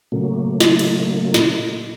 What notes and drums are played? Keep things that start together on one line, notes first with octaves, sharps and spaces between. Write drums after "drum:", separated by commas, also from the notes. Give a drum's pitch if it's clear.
A#2 C#3 F#3 A3 A#3
drum: snare
drum: cymbal
drum: snare